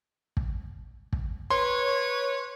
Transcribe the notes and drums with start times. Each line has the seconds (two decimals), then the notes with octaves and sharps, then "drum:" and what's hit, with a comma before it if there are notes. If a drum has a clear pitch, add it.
0.37 drum: kick
1.13 drum: kick
1.51 B4 C#5 C6